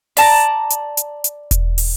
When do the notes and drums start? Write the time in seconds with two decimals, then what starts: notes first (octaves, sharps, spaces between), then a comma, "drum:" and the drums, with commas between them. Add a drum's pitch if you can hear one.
0.17 D5 A5 A#5, drum: open hi-hat
0.70 drum: hi-hat
0.97 drum: hi-hat
1.24 drum: hi-hat
1.51 drum: kick E1, hi-hat
1.78 drum: open hi-hat